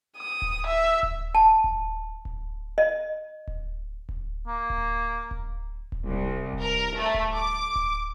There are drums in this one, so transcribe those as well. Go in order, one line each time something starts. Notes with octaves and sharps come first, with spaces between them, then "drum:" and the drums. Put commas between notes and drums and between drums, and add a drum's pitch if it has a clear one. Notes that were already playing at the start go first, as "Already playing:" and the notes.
D#6
drum: kick D1
E5
drum: kick D1
A5
drum: kick D1
drum: kick D1
D#5
drum: kick D1
drum: kick D1
A#3
drum: kick D1
drum: kick D1
drum: kick D1
C2
drum: kick D1
A#4
A3
drum: kick D1
D6
drum: kick D1